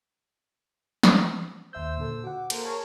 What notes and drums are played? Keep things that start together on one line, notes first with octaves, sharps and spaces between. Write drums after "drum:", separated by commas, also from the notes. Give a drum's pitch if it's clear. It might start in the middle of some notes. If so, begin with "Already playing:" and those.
drum: snare
D#2 C5 E5 E6 G6
A#2 D3 A4
F#4 F#5 D6
A#3 A4 C5, drum: cymbal
G#4 A#4 C#5 A5